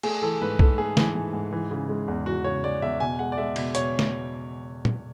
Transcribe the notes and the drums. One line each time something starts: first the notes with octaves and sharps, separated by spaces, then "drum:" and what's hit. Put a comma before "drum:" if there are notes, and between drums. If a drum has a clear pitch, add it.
A3 G#4, drum: cymbal
E3 A4
G#2 B4
G#2 A4, drum: kick B1
A3 G#4
E3, drum: snare
G#2
G#2
E3
C#3
G#3
E2
E3 F#4
C#3 C#5
G#3 D5
E2 E5
B2 G#5
G#3 F#5
D5
G#3 E5
B2, drum: cymbal
B2 C#5, drum: hi-hat
drum: snare
drum: tom